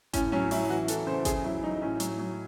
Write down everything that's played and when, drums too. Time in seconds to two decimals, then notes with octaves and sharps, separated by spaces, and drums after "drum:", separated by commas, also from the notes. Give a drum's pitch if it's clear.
0.13 A2 C#4, drum: kick G#1, hi-hat
0.32 F#3 C#4
0.51 F#3 E4, drum: open hi-hat
0.70 E3 F#4
0.88 E3 A4, drum: hi-hat
1.06 C#3 C5
1.25 C#3 G#4, drum: kick G#1, hi-hat
1.44 F#3 E4
1.63 F#3 D#4
1.82 A2 C#4
2.00 F#3, drum: hi-hat
2.19 F#3